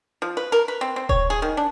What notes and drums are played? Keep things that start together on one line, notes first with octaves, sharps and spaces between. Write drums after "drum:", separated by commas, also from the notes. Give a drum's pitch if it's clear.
F3
B4
A#4
B4
C4
C4
C#5, drum: kick D#1
G#4
D#3
D4